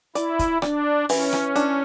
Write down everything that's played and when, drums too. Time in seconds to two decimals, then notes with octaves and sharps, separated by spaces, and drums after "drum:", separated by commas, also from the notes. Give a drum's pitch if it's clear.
0.15 E4 D5, drum: hi-hat
0.39 drum: kick, hi-hat
0.62 D4 D5, drum: rim click
1.09 E3 C#4, drum: open hi-hat
1.33 drum: rim click
1.56 D4, drum: hi-hat